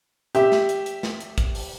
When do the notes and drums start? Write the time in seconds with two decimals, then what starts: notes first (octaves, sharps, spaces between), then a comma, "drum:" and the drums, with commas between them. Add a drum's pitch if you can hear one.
0.35 G4 E5, drum: hi-hat
0.52 drum: snare
0.69 drum: hi-hat
0.86 drum: hi-hat
1.03 drum: snare
1.20 drum: hi-hat
1.38 drum: kick, hi-hat
1.55 drum: open hi-hat